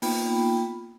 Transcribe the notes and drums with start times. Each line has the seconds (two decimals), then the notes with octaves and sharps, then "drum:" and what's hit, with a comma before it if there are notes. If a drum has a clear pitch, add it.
0.02 A#3 B3 D#4 F4 G5 B5, drum: open hi-hat